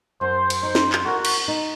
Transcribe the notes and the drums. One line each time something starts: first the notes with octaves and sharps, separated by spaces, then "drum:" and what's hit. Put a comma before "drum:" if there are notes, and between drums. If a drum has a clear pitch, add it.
F#2 C5
drum: cymbal
D#4 C5
drum: snare
drum: clap
F#4 A#4
drum: cymbal
D#4